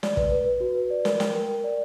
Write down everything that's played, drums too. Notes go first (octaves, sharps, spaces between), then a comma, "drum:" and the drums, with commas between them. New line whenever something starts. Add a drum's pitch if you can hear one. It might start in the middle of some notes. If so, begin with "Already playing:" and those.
D5, drum: snare
B4, drum: kick
B4
B4
F#4
B4
D5
A#4, drum: snare
G5, drum: snare
A#4
A#4
D5